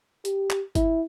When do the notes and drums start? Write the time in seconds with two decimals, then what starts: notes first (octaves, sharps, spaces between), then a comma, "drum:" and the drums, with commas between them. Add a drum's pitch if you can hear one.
0.25 G4, drum: hi-hat
0.50 drum: clap
0.75 E4, drum: kick G1, hi-hat